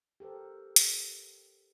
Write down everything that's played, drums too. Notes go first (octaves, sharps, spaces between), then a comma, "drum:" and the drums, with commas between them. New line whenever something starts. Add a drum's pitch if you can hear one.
G4 A4 A#4 C5
drum: hi-hat